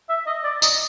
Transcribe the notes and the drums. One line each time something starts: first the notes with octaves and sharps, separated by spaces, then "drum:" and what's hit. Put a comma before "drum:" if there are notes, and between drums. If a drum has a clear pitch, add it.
E5
D#5
D5
D#5, drum: tambourine